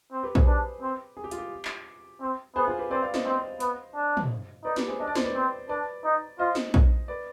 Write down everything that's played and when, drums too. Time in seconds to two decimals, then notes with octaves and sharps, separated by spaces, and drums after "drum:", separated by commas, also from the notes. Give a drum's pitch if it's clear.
0.12 C4
0.23 G4 B4
0.35 G#4 C5, drum: kick
0.47 D4 G4 B4
0.82 C4
1.17 G#4
1.24 G4
1.31 F4, drum: hi-hat
1.38 G4
1.65 drum: clap
2.21 C4
2.55 B3 G#4 C5
2.68 F4 G#4
2.79 G4 B4
2.91 C4 B4 D5
3.02 D5 F5
3.14 C5 D#5, drum: snare
3.25 C4 C5 D#5
3.60 B3, drum: hi-hat
3.95 D4
4.17 drum: tom
4.64 D#4 B4 D5
4.76 G4 B4, drum: snare
4.88 G#4 C5
5.00 D4 D#5
5.07 D5
5.15 C5, drum: snare
5.24 B4 D5
5.35 C4
5.69 D4 B4 D5
6.05 D#4
6.39 F4 C5 D#5
6.55 drum: snare
6.74 drum: kick
7.08 B4 D5